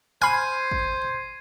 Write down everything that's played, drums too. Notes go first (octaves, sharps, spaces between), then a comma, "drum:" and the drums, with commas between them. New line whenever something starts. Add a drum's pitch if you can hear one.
C5 G#5 B5 F6 G#6 C7 D#7
drum: kick G#1